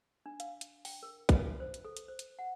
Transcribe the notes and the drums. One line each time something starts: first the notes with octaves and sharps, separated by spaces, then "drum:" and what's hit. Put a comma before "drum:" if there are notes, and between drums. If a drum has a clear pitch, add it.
D4
F5, drum: hi-hat
drum: hi-hat
G5, drum: open hi-hat
A#4
B4, drum: kick, hi-hat
C5
drum: hi-hat
A4
drum: hi-hat
C5
drum: hi-hat
F#5